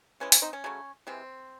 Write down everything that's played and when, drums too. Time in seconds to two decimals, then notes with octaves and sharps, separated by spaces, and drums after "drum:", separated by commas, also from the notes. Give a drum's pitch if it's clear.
0.20 C#3 E3 G#3 C#4
0.32 C#4, drum: open hi-hat
0.42 C4 D#4
0.53 C#4
0.64 C#3 F#3 A3
1.07 C3 E3 G#3 C4